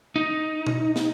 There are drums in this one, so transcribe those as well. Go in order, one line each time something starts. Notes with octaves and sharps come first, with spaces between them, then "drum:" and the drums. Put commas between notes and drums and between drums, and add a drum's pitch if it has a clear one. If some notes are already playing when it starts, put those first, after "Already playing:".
D#4
drum: tom B2
drum: snare